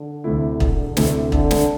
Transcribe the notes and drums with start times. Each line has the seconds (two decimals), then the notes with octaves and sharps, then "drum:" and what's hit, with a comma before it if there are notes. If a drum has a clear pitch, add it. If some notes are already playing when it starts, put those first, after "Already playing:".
Already playing: D3
0.24 D2 C3 A3 E4
0.60 E1, drum: kick
0.97 D2 C3 A3 E4, drum: snare
1.32 C2 D3, drum: kick
1.51 drum: snare